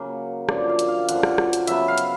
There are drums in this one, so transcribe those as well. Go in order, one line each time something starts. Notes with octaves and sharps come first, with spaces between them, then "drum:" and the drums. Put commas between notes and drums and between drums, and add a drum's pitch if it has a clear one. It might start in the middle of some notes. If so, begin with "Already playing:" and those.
Already playing: C#3 F#3 A#3
F#2 D3 F3 D5, drum: rim click
F5
drum: hi-hat
F5
F#2 D3 F3 F#5, drum: hi-hat
drum: rim click
drum: rim click
drum: hi-hat
C#3 F#3 B3 E5, drum: hi-hat
F5
drum: hi-hat